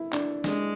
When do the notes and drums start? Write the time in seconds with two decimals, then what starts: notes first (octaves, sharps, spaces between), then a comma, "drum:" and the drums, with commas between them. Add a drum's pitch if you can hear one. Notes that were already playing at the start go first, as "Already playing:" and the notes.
Already playing: E4
0.13 D4, drum: clap
0.44 G#3 D4, drum: snare